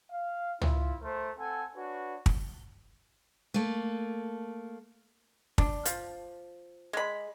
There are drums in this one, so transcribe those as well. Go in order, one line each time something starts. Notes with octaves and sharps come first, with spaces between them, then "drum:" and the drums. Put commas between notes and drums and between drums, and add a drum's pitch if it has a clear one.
F5
E4 F4, drum: tom
A3 A#4 C5
C4 A4 F#5 G#5
D4 F#4 B4 C#5
drum: kick
A3 A#3
D4, drum: kick
F3, drum: hi-hat
G#3 B5